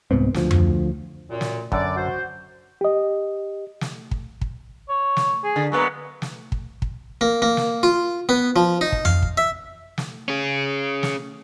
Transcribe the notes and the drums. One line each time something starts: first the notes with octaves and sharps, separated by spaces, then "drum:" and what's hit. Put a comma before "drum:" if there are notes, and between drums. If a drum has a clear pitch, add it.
C2 G#2 B3 C4
D2 F3, drum: snare
drum: tom F2
F#2 A#2
drum: snare
F#2 D3 D5, drum: kick
F#4 C5
G4 D#5
drum: snare
drum: kick
drum: kick
C#5
drum: snare
G#4
D3
F#3 G#3 A#3 B3
drum: snare
drum: kick
drum: kick
A#3
A#3
drum: snare
F4
B3
F3
D#4
drum: kick
F5, drum: tom F2
drum: kick
E5
drum: snare
C#4 G#4
drum: snare